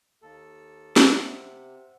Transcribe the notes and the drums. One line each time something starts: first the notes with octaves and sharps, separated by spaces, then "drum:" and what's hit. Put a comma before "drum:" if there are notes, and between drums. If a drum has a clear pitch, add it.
D#2 A4
drum: snare
C3 C5 E5 F#5